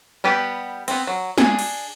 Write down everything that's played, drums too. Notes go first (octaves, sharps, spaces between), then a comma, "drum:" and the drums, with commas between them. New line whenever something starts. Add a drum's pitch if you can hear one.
G3 B3 G4 B4
B3 C4, drum: cymbal
F#3
D4 G#4, drum: snare
drum: cymbal